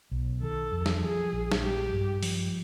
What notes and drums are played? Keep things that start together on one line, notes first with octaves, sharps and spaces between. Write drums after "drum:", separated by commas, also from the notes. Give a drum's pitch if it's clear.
B1
D#3 A4
F2
drum: snare
F3 G#4
A#1
drum: snare
G#3 G4
G2
F3, drum: open hi-hat